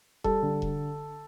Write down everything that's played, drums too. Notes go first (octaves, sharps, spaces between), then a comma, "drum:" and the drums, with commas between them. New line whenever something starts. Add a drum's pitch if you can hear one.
G3 A4, drum: kick E1
D3
drum: kick E1